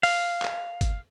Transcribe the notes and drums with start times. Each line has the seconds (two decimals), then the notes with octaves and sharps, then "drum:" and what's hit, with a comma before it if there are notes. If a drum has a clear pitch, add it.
0.03 F5, drum: open hi-hat
0.42 drum: clap
0.81 drum: kick, hi-hat